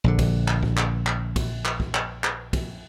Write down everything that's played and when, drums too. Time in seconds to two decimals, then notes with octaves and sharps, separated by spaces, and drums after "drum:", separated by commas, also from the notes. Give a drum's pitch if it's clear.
0.04 A#1 D3
0.19 drum: kick, cymbal
0.48 drum: clap
0.63 drum: kick
0.77 drum: clap
1.07 drum: clap
1.36 drum: kick, cymbal
1.65 drum: clap
1.80 drum: kick
1.94 drum: clap
2.24 drum: clap
2.53 drum: kick, cymbal